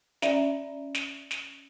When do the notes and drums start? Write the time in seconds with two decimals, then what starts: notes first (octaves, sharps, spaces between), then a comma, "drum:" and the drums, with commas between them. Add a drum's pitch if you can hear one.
0.22 C#4 D5 E5 A#5 B5, drum: snare
0.94 drum: snare
1.31 drum: snare